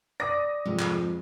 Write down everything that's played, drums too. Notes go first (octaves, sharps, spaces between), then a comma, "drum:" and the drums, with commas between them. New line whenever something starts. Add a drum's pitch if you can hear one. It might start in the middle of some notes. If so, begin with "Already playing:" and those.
D5 D#6 A#6
F2 G#2 C3 G#3
drum: clap